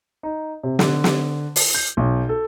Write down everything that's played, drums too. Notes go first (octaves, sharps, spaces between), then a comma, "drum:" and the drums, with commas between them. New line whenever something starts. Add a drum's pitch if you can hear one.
D#4
C3
D3, drum: snare
drum: snare
drum: open hi-hat
G6
B1
A4